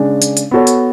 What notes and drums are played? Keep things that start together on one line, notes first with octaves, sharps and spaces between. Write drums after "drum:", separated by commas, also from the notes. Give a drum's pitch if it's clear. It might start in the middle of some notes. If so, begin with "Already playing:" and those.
Already playing: C#3 G#3 D4
drum: hi-hat
drum: hi-hat
B3 F#4 A4 C#5
drum: hi-hat